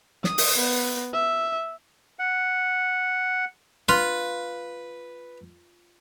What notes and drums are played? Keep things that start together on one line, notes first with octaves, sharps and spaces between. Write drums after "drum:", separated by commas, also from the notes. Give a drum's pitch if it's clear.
D#6, drum: snare
drum: open hi-hat
B3
E5
F#5
F4 B4